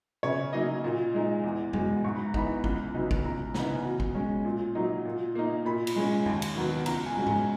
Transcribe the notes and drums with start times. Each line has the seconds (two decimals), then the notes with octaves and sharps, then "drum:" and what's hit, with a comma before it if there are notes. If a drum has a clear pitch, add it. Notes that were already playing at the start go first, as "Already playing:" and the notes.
0.23 C#3 C#5
0.53 F#3 A#3 D#4 D#5
0.84 A#2
1.14 G#3 D#4
1.44 E2
1.73 B2 G#3, drum: tom F2
2.04 G#2 C#6
2.15 B5
2.26 A#5
2.34 E3 B3 D#4 B5, drum: kick
2.64 C#2, drum: kick
2.94 C#3 F#3 B3 D#4
3.11 drum: kick
3.24 C#2 A#5
3.54 C#3 E3 B3 D#4, drum: snare
3.84 B2
4.00 drum: kick
4.15 G#3 C#4
4.45 A#2
4.75 F#3 A#3 D#4
5.05 A#2
5.35 A#3 D#4
5.65 A#2 B5
5.87 drum: cymbal
5.96 G#3 C#4
6.26 D#2, drum: tom F2
6.42 drum: cymbal
6.55 D#3 F#3 B3
6.86 C#2 A#5, drum: cymbal
7.06 G#5
7.17 B2 G#3 C#4
7.27 G#5, drum: tom G#2